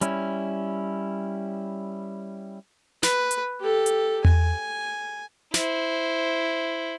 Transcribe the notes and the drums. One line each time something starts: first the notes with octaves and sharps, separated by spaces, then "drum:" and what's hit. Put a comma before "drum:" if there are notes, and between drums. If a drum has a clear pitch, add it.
G3 C#4 E4, drum: hi-hat
B4, drum: snare
drum: hi-hat
G4 A4
drum: hi-hat
G#5, drum: tom E2
E4 C5, drum: snare